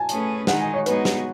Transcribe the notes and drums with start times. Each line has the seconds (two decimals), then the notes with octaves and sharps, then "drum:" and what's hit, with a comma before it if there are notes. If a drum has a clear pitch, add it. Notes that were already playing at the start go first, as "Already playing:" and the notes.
Already playing: G#5 A5
0.09 A3 C#4 G#4 B4, drum: hi-hat
0.47 D#3 G#3 D#4 F#5, drum: snare
0.60 G#5
0.74 C#5
0.86 G#3 B3 D#4 F#4 B4, drum: hi-hat
1.05 drum: snare